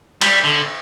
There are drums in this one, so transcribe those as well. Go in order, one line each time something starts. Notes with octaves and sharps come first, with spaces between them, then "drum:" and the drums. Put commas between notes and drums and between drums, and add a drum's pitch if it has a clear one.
G3, drum: cymbal
D3